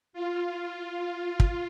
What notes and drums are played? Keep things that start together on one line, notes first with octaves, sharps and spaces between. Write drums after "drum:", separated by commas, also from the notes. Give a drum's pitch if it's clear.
F4
drum: kick